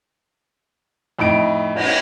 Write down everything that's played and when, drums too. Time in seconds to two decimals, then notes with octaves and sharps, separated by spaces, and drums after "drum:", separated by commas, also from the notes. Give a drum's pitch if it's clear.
1.19 F2 A2 D#4 D7
1.75 drum: cymbal